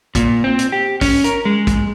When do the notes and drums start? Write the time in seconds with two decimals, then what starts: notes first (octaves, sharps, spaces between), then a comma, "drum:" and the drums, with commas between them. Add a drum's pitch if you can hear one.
0.15 A#2, drum: kick, hi-hat
0.44 C4
0.59 drum: hi-hat
0.72 G4
1.01 C#4, drum: kick, open hi-hat
1.24 A#4, drum: hi-hat
1.45 G#3
1.67 drum: kick, hi-hat